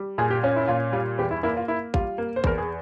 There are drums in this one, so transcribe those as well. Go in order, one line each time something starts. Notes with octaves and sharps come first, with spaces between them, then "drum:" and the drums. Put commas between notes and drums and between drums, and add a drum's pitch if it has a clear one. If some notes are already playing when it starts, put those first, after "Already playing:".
Already playing: G3
A#2 G#4
G4
C#4 F4
E4
A#2 F4
G3 F4
E2 G4
E4
A#3 E4
F4
A#3 E4
G3 F4, drum: kick A1
A#3
C5
E2 A#4, drum: kick A1
G#4